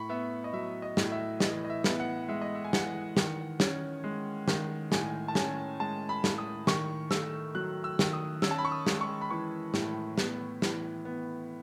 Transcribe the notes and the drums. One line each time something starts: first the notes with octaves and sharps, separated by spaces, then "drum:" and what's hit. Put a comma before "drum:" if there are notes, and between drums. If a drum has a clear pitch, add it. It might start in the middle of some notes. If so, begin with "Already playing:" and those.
Already playing: A2 B5 C#6
B3 E5
D#5
F#3 E5
D#5
A2, drum: snare
E5
E3 D#5, drum: snare
D#5
E5
B3, drum: snare
F#5
G#3 E5
D#5
E5
G#5
E3 F#5, drum: snare
D#3, drum: snare
C#4, drum: snare
G#3
D#3, drum: snare
A2 G#5, drum: snare
A5
C#4 G#5, drum: snare
G#3 A5
B5
A2, drum: snare
D#6
D#3 C#6, drum: snare
A3 E6, drum: snare
F#3 F#6
E6
D#3, drum: snare
D#6
C#4 E6, drum: snare
A5
B5
C#6
D#6
G#3, drum: snare
C#6
B5
E3 C#6
A2, drum: snare
B3, drum: snare
E3, drum: snare
B3